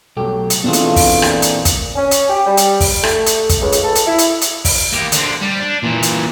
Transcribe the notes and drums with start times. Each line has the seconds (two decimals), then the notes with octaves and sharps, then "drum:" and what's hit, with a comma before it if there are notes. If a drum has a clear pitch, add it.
0.17 B1 F#3 A3 G4
0.50 drum: hi-hat
0.64 B2 E3 A3 C4 D4 F4 G#4
0.73 drum: hi-hat
0.96 drum: kick, open hi-hat
1.22 A#2, drum: rim click
1.42 drum: hi-hat
1.65 drum: kick, hi-hat
1.96 C#4
2.11 drum: hi-hat
2.30 G4
2.46 G3
2.57 drum: hi-hat
2.80 drum: kick, open hi-hat
3.03 A3, drum: rim click
3.26 drum: hi-hat
3.50 drum: kick, hi-hat
3.61 C#2
3.73 drum: hi-hat
3.84 A4
3.96 drum: hi-hat
4.06 E4
4.19 drum: hi-hat
4.42 drum: hi-hat
4.65 drum: kick, open hi-hat
4.93 A#3 G4
5.12 D3 C4, drum: hi-hat
5.41 G3
5.60 D4
5.83 A#2 E3
6.03 drum: hi-hat